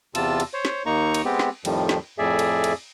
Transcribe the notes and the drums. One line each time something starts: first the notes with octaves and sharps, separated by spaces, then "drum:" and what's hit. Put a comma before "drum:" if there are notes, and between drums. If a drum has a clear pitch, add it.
E2 C3 F4 A5 E6, drum: cymbal
drum: cymbal
C5 C#5
drum: snare
D#2 A#3 D#4 A#5 C#6
drum: cymbal
G#3 B3 C4 G4
drum: snare
F2 A2 D#3 F3 G3, drum: cymbal
drum: snare
F2 A2 G#4 D5 E5
drum: cymbal
drum: cymbal